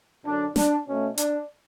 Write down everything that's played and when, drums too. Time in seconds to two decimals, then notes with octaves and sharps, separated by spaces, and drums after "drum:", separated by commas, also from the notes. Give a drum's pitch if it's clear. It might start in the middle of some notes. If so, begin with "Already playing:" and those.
0.25 F#2 D3 F#3 D4
0.56 D4, drum: snare
0.86 B2 A3 C#4
1.18 D4, drum: hi-hat